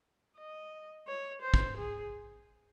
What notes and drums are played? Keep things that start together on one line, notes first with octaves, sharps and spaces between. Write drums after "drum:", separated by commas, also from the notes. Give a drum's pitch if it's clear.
D#5
C#5
C5
drum: kick
G#4